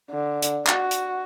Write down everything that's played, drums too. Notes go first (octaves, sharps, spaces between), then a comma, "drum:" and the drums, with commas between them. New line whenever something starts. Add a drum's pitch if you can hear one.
D3
drum: hi-hat
F#4, drum: clap
drum: hi-hat